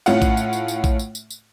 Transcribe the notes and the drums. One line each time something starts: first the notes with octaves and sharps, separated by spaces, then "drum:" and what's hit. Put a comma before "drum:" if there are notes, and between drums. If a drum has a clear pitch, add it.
A2 C#4 F4 F#5, drum: tambourine
drum: kick A#1, tambourine
drum: tambourine
drum: tambourine
drum: tambourine
drum: kick A#1, tambourine
drum: tambourine
drum: tambourine
drum: tambourine